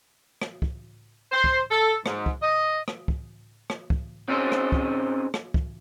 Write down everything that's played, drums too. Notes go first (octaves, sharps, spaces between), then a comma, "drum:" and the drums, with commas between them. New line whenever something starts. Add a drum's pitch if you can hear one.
drum: rim click
drum: kick
C5
drum: kick
A4
G#2, drum: rim click
drum: kick
D#5
drum: rim click
drum: kick
drum: rim click
drum: kick
C4 C#4 D#4 G#4 C5
drum: rim click
drum: kick
drum: rim click
drum: kick